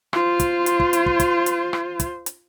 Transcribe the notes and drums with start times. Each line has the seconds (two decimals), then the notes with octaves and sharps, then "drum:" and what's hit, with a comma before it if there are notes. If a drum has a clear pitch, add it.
0.13 F4 C5, drum: rim click
0.40 drum: kick, hi-hat
0.66 drum: hi-hat
0.80 drum: kick
0.93 drum: hi-hat
1.06 drum: kick
1.20 drum: kick, hi-hat
1.46 drum: hi-hat
1.73 drum: rim click
2.00 drum: kick, hi-hat
2.26 drum: hi-hat